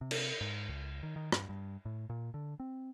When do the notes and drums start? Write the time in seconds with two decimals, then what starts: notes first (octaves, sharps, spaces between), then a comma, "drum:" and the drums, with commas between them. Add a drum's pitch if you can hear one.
0.01 C3
0.11 drum: cymbal
0.41 G#2
0.68 C#2
1.03 D#3
1.16 D#3
1.32 G2, drum: rim click
1.49 G2
1.85 A2
2.10 A#2
2.34 D3
2.60 C4